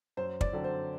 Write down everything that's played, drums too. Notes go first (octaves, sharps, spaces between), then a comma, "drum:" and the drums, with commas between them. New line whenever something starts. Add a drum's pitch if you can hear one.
F#2 C5
D5, drum: kick
D3 F#3 C4
C5